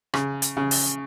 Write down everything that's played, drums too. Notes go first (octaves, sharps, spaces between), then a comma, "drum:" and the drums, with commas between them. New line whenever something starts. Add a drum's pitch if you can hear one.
C#3, drum: rim click
drum: hi-hat
C#3
drum: open hi-hat